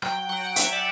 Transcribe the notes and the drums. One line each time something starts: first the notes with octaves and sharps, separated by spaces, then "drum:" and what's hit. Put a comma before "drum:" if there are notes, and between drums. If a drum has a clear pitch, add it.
F#3 G5, drum: rim click
F#3 F#5
F#5
F#3 E5, drum: hi-hat
D5